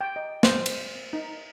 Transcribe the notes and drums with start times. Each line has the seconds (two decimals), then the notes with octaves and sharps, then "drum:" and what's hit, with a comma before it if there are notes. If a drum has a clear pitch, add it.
0.01 G5
0.16 D#5
0.43 C5, drum: snare
0.66 drum: cymbal
1.13 D#4